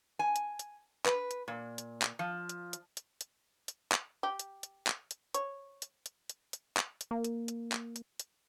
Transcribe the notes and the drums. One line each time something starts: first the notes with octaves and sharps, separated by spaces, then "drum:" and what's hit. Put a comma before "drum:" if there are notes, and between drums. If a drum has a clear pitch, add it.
G#5
drum: hi-hat
drum: hi-hat
B4, drum: clap
drum: hi-hat
A#2
drum: hi-hat
drum: clap
F3
drum: hi-hat
drum: hi-hat
drum: hi-hat
drum: hi-hat
drum: hi-hat
drum: clap
G4
drum: hi-hat
drum: hi-hat
drum: clap
drum: hi-hat
C#5, drum: hi-hat
drum: hi-hat
drum: hi-hat
drum: hi-hat
drum: hi-hat
drum: clap
drum: hi-hat
A#3
drum: hi-hat
drum: hi-hat
drum: clap
drum: hi-hat
drum: hi-hat